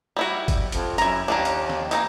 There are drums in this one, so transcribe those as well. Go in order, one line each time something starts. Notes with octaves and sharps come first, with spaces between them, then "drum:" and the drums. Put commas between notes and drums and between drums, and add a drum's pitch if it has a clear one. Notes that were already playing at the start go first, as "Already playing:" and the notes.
G3 E4 F#4
drum: kick F#1, hi-hat
F2, drum: hi-hat
F#2 E4 A#5, drum: hi-hat
D#2 A#3 C#4 D4
drum: hi-hat
drum: snare
E3 A3 A#3 D#4, drum: hi-hat